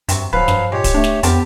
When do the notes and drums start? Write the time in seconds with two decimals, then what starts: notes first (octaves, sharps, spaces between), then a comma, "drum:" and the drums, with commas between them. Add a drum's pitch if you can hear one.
0.09 G2 C3 F#3, drum: hi-hat
0.33 D1 F3 F#3 B4 F5
0.48 G2, drum: snare
0.72 A#2 G#3 G4 C#5
0.84 drum: kick D1, hi-hat
0.94 A3 D4
1.04 drum: snare
1.23 F2 B3 C4 G4 A#4 A5, drum: hi-hat